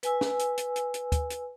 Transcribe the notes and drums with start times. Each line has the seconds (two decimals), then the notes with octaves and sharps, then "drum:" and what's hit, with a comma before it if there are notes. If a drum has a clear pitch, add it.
0.03 B4 G#5 E6, drum: hi-hat
0.21 drum: snare
0.39 drum: hi-hat
0.57 drum: hi-hat
0.76 drum: hi-hat
0.94 drum: hi-hat
1.12 drum: kick, hi-hat
1.30 drum: hi-hat